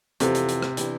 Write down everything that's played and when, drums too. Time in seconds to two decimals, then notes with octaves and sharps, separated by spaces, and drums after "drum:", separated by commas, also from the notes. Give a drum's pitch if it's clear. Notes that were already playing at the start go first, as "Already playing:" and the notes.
0.20 F2 C3 E3 B3 F4 A4, drum: hi-hat
0.35 drum: hi-hat
0.49 drum: hi-hat
0.63 drum: rim click
0.77 E3 B3 D4 G4, drum: hi-hat